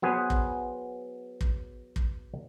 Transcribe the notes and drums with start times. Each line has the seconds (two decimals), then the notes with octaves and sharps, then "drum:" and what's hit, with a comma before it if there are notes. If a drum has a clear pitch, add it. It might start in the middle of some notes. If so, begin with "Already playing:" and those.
0.02 F#3 B3 G#4 B4 C5
0.30 drum: kick
1.41 drum: kick
1.96 drum: kick